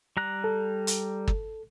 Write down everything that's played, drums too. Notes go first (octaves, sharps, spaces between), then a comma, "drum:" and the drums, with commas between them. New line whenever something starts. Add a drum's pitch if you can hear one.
G3 A#5 F#6
A4
drum: hi-hat
drum: kick